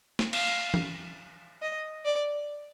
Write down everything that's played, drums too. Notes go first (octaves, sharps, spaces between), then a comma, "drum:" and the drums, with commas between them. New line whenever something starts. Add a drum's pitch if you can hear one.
drum: snare
F5, drum: cymbal
drum: tom
D#5
D5